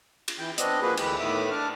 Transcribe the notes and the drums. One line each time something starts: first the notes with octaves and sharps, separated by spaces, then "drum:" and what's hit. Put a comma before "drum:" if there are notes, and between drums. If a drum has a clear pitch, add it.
drum: cymbal
E3 G5
B3 C4 D4 D#5, drum: hi-hat
F3 A#3 F#4 G#4 B4
D2 E3 G#3 G4 B4, drum: cymbal
A2 D#3 B3 E5 D6 D#6
D4 A5 D6 F6